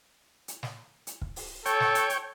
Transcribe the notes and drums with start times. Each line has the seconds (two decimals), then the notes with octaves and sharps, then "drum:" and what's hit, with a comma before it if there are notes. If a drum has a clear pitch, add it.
0.48 drum: hi-hat
0.63 drum: snare
1.07 drum: hi-hat
1.21 drum: kick
1.36 drum: open hi-hat
1.66 A4 C#5 G5, drum: hi-hat
1.80 drum: snare
1.95 drum: hi-hat
2.10 drum: hi-hat